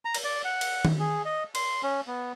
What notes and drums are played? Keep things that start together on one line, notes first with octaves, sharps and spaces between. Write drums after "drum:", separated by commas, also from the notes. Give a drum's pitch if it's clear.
A#5
drum: cymbal
D5
F#5
drum: cymbal
drum: tom D#3
G#4
D#5
C6, drum: cymbal
C#4
B3